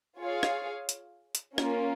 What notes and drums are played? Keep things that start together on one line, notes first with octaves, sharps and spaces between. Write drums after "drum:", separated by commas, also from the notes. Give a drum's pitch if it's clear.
F4 G#4 C#5 F5
drum: rim click
drum: hi-hat
drum: hi-hat
A#3 C#4 F4 A#4, drum: rim click